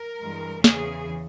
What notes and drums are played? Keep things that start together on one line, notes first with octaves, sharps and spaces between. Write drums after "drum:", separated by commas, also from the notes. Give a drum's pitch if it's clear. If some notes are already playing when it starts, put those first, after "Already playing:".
Already playing: A#4
G2 E3 G#3
E2 C#3 E3 G#4, drum: snare